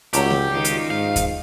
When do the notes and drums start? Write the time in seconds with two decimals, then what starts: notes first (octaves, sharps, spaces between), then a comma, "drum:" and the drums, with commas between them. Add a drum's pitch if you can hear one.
0.13 C#2 F#3 G3 A3 G4, drum: hi-hat
0.30 drum: snare A3
0.51 C#2 D#3 D#4 F4
0.65 drum: hi-hat
0.90 G#2 F5
1.16 drum: kick D#2, hi-hat